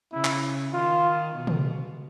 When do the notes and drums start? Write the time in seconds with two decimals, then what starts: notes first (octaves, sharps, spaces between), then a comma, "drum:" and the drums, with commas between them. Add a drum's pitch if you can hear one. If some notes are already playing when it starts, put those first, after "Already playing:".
0.13 C#3 E4
0.24 drum: clap
0.74 D#3 F4
1.35 B2
1.47 drum: tom